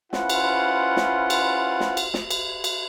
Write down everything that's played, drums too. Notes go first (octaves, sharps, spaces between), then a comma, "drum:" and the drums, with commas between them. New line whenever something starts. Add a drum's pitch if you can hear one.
C#4 E4 F4 B4 C5 F#5, drum: snare
drum: cymbal
drum: snare
drum: cymbal
drum: snare
drum: cymbal
drum: snare
drum: cymbal
drum: cymbal